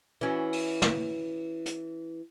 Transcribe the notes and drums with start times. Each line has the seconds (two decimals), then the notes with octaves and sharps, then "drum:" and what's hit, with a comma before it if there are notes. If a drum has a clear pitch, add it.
0.21 E3 C#4 F#4
0.53 drum: open hi-hat
0.82 drum: snare
1.66 drum: hi-hat